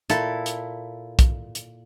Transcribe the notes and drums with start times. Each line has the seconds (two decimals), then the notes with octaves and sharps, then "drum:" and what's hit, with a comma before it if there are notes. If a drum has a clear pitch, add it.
0.10 A#2 E4 A4, drum: hi-hat
0.46 drum: hi-hat
1.19 drum: kick B1, hi-hat
1.55 drum: hi-hat